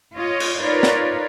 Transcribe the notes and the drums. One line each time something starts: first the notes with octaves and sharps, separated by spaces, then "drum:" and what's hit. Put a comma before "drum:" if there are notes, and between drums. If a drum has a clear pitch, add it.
F4 C#5 D#5
drum: cymbal
D#4 F4 A#4 B4 C#5 D5
drum: snare